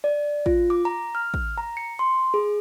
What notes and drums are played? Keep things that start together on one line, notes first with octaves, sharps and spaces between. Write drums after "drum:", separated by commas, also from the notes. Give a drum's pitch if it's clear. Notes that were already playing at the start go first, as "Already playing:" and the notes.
D5
F4, drum: kick
D6
A#5
F6
drum: kick
A#5
C#7
C6
G#4